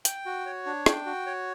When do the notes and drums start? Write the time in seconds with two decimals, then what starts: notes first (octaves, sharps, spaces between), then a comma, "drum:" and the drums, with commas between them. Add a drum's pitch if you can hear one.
0.05 G5, drum: hi-hat
0.26 F#4
0.46 C#5
0.66 D4
0.86 G5, drum: rim click
1.06 F#4
1.27 C#5